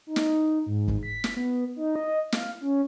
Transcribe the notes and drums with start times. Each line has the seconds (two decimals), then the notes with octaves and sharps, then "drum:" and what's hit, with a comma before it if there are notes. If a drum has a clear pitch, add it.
0.07 D#4
0.16 drum: snare
0.66 G#2
0.88 drum: kick
1.03 B6
1.24 drum: snare
1.37 B3
1.76 D#4
1.96 D#5
2.32 F5, drum: snare
2.61 C#4